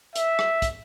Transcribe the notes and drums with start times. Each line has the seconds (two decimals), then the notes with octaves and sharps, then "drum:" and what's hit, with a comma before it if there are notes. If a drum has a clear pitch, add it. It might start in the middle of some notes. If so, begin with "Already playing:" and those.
0.15 E5, drum: hi-hat
0.39 drum: rim click
0.62 drum: kick, hi-hat